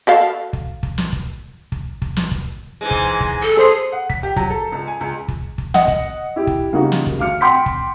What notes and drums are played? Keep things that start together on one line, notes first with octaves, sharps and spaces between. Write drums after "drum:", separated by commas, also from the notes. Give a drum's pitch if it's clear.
F#4 A4 F5
drum: kick
drum: kick
drum: snare
drum: kick
drum: kick
drum: kick
drum: snare
drum: kick
G#2 E3 G#3
drum: kick
drum: kick
A4
G#4 A4 C5 C6
F#5
B6, drum: kick
G4
F#3, drum: kick
A4
C#2
G#5
C#2
drum: kick
drum: kick
D#5 F#5, drum: snare
drum: kick
E4 G4
drum: kick
C#3 A#3 D#4 F#4 G4
drum: snare
drum: kick
D2 F5 D6 F6 C#7
F#5 G5 C6 D6 G6 B6
drum: kick